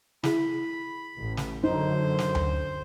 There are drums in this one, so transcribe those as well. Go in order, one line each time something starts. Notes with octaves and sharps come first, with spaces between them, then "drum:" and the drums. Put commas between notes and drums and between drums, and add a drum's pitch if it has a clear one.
E4 G#4 B5, drum: snare
A1
drum: snare
F#2 D3 D#4 C5
drum: snare
drum: tom D2